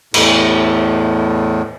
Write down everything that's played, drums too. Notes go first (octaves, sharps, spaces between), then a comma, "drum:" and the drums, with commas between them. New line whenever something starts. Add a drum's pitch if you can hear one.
E2 A2, drum: cymbal